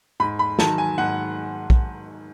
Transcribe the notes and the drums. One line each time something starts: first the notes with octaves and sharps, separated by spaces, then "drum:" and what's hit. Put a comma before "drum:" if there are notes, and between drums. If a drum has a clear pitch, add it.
G#2 B5
B5
D#3 F#3 A5, drum: snare
G#5
G#2 F#5
drum: kick